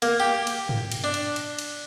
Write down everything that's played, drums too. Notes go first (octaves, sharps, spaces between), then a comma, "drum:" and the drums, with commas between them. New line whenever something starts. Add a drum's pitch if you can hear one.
A#3, drum: cymbal
G4
drum: cymbal
drum: tom
drum: cymbal
D4
drum: cymbal
drum: cymbal
drum: cymbal